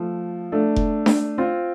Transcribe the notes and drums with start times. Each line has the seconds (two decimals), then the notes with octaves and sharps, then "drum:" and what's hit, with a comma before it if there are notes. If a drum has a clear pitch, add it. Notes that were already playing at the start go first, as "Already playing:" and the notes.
Already playing: F3 A3
0.52 A3 D4
0.76 drum: kick F1
1.06 drum: snare D4
1.38 C4 F4